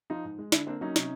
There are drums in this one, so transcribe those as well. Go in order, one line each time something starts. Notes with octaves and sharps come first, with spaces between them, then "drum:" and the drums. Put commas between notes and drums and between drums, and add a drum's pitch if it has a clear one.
F3 D#4 F4
G#2
G#3
D3 D4 E4, drum: snare
A#3 C4 D4
F#3 C#4 D#4
C3, drum: snare